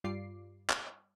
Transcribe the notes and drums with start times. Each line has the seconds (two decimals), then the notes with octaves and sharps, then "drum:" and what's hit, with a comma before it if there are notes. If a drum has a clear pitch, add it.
0.04 G2 G3 F4 D5 D6 C7
0.70 drum: clap